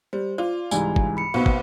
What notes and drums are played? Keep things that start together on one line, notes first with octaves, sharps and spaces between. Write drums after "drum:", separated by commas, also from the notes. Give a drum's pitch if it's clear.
G3 C5
F4 D5
C2 G#2 E3 G#5, drum: tambourine
drum: kick
B5 C#7
B1 A#3 B3 F#4 C5 F5
drum: kick